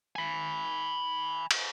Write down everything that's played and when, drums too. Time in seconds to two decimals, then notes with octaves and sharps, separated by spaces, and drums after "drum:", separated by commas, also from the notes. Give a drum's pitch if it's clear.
0.16 G#5 B5
1.51 drum: cymbal